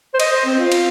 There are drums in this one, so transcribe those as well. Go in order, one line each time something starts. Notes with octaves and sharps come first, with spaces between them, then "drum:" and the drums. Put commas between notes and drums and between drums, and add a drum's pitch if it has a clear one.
C5
D#5, drum: cymbal
C5
C4
F4
drum: cymbal